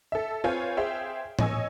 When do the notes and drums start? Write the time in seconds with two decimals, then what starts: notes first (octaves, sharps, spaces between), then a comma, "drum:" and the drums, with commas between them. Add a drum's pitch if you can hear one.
0.12 A4 E5
0.44 C4 F4 B4 C#5 F5 G#5
0.77 G#4 C5 E5 F5 G5
1.39 C#5 D#5 G#5 E6, drum: tom A2